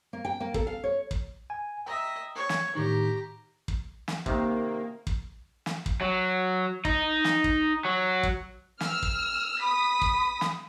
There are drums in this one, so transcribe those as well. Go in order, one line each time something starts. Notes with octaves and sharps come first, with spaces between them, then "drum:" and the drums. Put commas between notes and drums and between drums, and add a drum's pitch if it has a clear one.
A#3
G5
A#3
A4, drum: kick
F5
C#5
drum: kick
G#5
D#5 E5 G5 A#5
C#5
drum: snare
A2 D#3 D#4 G4 A#5
drum: kick
drum: snare
C3 D#3 A#3, drum: kick
drum: kick
drum: snare
drum: kick
F#3
D#4, drum: kick
drum: snare
drum: kick
F#3
drum: kick
E6 F6, drum: snare
drum: kick
B5 D#6 B6
drum: kick
drum: snare